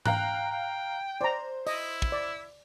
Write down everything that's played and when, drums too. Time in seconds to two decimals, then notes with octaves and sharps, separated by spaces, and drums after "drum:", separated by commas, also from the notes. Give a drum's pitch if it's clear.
0.06 F5 G5 A#5 F#6, drum: tom G#2
0.51 G5
1.21 C5 D5 A#5
1.67 E4 D#5, drum: open hi-hat
2.02 drum: kick
2.12 D5